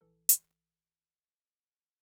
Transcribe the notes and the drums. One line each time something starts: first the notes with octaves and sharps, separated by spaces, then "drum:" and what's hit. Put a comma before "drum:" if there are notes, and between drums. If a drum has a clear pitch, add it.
A#1 E3 A4
drum: hi-hat